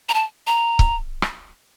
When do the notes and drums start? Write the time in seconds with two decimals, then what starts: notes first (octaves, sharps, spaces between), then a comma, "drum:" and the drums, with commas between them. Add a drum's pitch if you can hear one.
0.09 A#5
0.14 A5
0.47 A#5
0.79 drum: kick C#1
1.22 drum: rim click